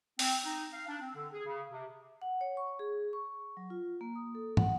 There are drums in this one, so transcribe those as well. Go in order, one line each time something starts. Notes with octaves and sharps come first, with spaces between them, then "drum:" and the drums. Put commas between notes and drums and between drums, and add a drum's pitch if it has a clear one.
C4, drum: open hi-hat
D#4
F5
D4
C4
D3
G#4
C#3
C3
F#5
C#5
C#6
G#4
C#6
F#3
F4
A#3
D#6
A4
F#5, drum: tom